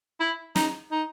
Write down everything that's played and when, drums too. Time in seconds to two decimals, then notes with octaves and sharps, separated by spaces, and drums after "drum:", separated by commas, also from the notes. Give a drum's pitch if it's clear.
0.20 E4
0.56 D#4, drum: snare
0.92 D#4